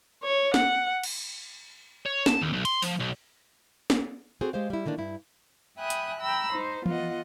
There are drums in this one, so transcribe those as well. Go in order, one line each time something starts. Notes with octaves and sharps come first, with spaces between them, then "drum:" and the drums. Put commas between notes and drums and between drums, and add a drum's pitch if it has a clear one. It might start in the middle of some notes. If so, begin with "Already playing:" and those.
C#5
F#5, drum: snare
drum: cymbal
C#5
A5, drum: snare
D#2
B1
C6, drum: cymbal
F3, drum: open hi-hat
B1
drum: snare
C4 F#4 G#4 A4 C5
G#3 G4 C5 F5
G3 E4
D3 D#3 A#3 D4
G2 E4
E5 G5 G#5 B5 D#6 F#6
drum: hi-hat
G5 A#5 B5 E6
D#4 C5
B3 F4 D#5 F#5, drum: tom E3